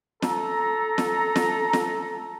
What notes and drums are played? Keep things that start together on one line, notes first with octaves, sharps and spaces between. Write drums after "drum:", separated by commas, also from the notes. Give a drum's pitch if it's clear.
A4 A#5, drum: snare
drum: snare
drum: snare
drum: snare